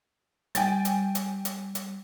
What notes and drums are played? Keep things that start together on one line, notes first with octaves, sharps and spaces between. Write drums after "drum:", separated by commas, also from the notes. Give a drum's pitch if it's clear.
G3 G5 G#5 A6, drum: hi-hat
drum: hi-hat
drum: hi-hat
drum: hi-hat
drum: hi-hat